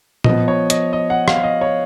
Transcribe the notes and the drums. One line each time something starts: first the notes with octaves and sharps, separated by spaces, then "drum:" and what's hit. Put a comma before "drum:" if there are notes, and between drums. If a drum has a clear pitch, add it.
F3 B3 D#5, drum: tom A#2
C#5
D#5, drum: hi-hat
D#5
F#5
F5, drum: rim click
D#5
C#5